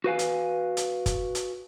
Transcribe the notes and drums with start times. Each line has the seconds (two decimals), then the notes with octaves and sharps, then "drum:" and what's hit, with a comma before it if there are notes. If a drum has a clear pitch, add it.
0.04 F#4 B4 F5 G#5
0.19 drum: hi-hat
0.77 drum: hi-hat
1.06 drum: kick, hi-hat
1.35 drum: hi-hat